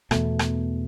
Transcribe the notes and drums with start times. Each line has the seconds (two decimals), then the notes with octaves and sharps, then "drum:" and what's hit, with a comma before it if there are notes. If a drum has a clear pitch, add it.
0.11 E2 B2 A3, drum: rim click
0.39 drum: rim click